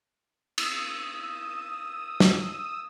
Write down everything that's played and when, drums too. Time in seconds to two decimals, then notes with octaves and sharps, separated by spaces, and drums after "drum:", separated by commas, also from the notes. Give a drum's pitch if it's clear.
0.58 D#6 E6, drum: cymbal
2.20 drum: snare